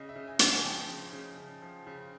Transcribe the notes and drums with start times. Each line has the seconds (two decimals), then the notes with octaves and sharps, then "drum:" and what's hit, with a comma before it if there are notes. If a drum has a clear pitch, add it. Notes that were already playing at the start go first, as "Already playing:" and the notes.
Already playing: C#3 D#5
0.09 E5
0.16 C#3
0.27 G#5
0.39 F3, drum: hi-hat
0.46 G#5
0.65 F3 G5
0.89 C#3
1.13 C#3
1.38 C#3
1.62 F3
1.87 C#3